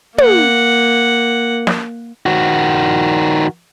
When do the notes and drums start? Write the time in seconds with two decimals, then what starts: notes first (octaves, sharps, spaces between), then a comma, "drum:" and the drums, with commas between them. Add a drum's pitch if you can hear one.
0.18 A#3 F#5, drum: tom
1.67 drum: snare
2.26 D#3 F#4